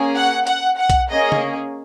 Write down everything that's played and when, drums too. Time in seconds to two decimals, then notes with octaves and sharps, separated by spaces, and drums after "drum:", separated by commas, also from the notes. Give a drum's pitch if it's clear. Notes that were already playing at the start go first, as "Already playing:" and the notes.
Already playing: A#3 C#4 G#4
0.16 F#5
0.47 F#5, drum: hi-hat
0.79 F#5
0.90 drum: kick B1, hi-hat
1.11 A#3 C#4 G#4 D#5
1.32 drum: tom